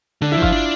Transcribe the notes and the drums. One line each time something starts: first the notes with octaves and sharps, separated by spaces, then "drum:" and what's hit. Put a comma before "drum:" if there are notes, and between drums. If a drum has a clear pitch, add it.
D3 D4
E4
F3
F4, drum: kick G1
D4